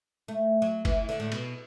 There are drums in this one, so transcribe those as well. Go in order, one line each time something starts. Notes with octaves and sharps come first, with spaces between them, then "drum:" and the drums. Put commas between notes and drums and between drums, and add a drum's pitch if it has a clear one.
A3
F#3
E3, drum: kick, cymbal
D3
A2
B2, drum: cymbal